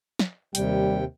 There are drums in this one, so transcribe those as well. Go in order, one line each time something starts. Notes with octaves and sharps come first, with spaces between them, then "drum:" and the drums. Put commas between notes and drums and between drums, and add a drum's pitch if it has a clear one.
drum: snare
D#2 C3 G3 G5, drum: hi-hat